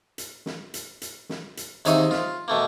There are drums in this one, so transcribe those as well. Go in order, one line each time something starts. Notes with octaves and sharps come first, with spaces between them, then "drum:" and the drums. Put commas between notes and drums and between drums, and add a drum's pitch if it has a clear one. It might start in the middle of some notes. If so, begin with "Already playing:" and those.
drum: hi-hat
drum: snare
drum: hi-hat
drum: hi-hat
drum: snare
drum: hi-hat
D#2 C3 D#4 G#4 E5 C#6, drum: hi-hat
F4, drum: snare
B2 A3 A#3